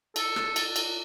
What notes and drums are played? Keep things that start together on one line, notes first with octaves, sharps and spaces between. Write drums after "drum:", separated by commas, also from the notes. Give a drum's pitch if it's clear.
A4, drum: cymbal
drum: rim click
drum: cymbal
drum: cymbal